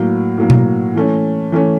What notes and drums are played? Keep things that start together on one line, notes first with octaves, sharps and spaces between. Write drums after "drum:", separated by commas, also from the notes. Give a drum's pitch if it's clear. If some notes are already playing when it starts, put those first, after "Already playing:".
Already playing: A2 F#3 A#3
A2 F#3 A#3
drum: tom B2
E3 A3 C#4
E3 A3 C#4